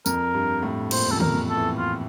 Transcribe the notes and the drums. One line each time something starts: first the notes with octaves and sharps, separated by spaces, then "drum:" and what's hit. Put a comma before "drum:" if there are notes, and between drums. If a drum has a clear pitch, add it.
F2 A#4, drum: tambourine
G2
A2
A#2 C5, drum: cymbal
E2
F2 A4
A#4, drum: tom
F2
A4
E3
F4